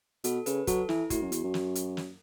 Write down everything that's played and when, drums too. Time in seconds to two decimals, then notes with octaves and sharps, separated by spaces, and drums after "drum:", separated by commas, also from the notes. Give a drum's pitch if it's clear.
0.24 B2 A4, drum: hi-hat
0.46 C#3 B4, drum: hi-hat
0.67 F#3 A4, drum: kick, hi-hat
0.89 E3 E4, drum: snare
1.10 A2 F#4, drum: kick, hi-hat
1.22 F#2
1.32 E2, drum: hi-hat
1.44 F#2
1.54 drum: snare
1.75 drum: hi-hat
1.97 drum: snare